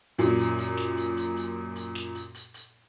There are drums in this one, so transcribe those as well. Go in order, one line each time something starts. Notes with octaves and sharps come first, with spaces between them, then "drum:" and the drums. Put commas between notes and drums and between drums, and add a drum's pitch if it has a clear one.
F#2 A#2, drum: hi-hat
drum: hi-hat
drum: hi-hat
drum: snare
drum: hi-hat
drum: hi-hat
drum: hi-hat
drum: hi-hat
drum: snare
drum: hi-hat
drum: hi-hat
drum: hi-hat